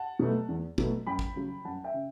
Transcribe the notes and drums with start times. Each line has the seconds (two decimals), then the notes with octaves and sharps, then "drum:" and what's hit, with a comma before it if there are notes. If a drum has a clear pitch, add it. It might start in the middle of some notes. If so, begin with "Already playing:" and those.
Already playing: F#5 A5
0.19 B2 F#3 A3
0.49 E2
0.78 B2 F#3 A3, drum: kick
1.07 F#2 G5 B5
1.19 drum: kick
1.36 C#3 F#3
1.65 F#2 F#5 A5
1.84 E5 G5
1.94 C#3